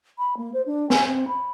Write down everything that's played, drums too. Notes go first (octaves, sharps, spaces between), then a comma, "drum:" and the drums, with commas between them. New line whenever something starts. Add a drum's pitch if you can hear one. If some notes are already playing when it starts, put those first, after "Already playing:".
B5
A#3
C5
D4
G#5, drum: snare
C4
B5